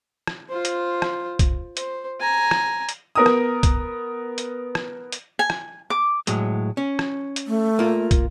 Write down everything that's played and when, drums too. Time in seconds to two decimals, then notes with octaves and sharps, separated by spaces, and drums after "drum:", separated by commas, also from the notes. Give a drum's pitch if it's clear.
0.27 drum: rim click
0.50 F4 C5
0.65 drum: hi-hat
1.02 drum: rim click
1.39 drum: kick, hi-hat
1.77 C5, drum: hi-hat
2.21 G#5 A#5
2.51 drum: rim click
2.89 drum: hi-hat
3.15 B3 A#4 D#6
3.26 drum: rim click
3.63 drum: kick, hi-hat
4.38 drum: hi-hat
4.75 drum: rim click
5.12 drum: hi-hat
5.39 G#5
5.50 drum: rim click
5.90 D6
6.27 A2 F#3 G#3, drum: hi-hat
6.77 C#4
6.99 drum: rim click
7.36 drum: hi-hat
7.47 A3
7.79 A#3 F4
8.11 drum: kick, hi-hat